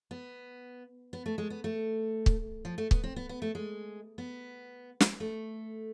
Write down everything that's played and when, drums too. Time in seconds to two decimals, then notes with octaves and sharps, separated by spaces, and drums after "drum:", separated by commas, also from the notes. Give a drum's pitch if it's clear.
0.11 B3
1.13 B3
1.26 A3
1.38 G#3
1.50 B3
1.64 A3
2.26 drum: kick
2.65 F3
2.78 A3
2.91 B3, drum: kick
3.04 C4
3.16 B3
3.29 B3
3.42 A3
3.55 G#3
4.18 B3
5.00 drum: snare
5.20 A3